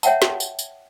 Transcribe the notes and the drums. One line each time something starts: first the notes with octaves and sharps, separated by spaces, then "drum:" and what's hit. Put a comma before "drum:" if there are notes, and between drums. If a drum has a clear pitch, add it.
C#5 E5 F#5 G5 A5, drum: tambourine
drum: snare
drum: tambourine
drum: tambourine